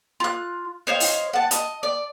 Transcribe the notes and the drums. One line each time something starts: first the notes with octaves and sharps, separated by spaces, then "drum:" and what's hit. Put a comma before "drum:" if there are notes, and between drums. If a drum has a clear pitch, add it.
F4 F#6
C5 C#5 D#5 F5
drum: open hi-hat
F#5 A5
D#5, drum: hi-hat
D5